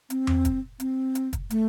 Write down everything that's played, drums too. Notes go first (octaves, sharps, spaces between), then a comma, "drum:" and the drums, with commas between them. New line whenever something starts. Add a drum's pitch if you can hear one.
C4, drum: hi-hat
drum: tom E2
drum: kick, hi-hat
C4, drum: hi-hat
drum: hi-hat
drum: kick, hi-hat
A3, drum: hi-hat